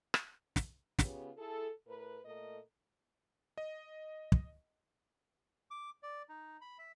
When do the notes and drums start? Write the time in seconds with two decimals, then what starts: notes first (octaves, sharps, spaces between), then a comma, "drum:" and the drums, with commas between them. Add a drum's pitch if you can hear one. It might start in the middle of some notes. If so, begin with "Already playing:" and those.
0.14 drum: rim click
0.56 drum: snare
0.99 C#3 B3 C#4 F4 G4, drum: snare
1.37 E4 G#4 A4
1.87 A2 A#4 B4
2.25 A#2 A3 A4 A#4 D#5
3.58 D#5
4.32 drum: kick
5.71 D6
6.03 D5
6.29 D#4
6.61 B5
6.78 E5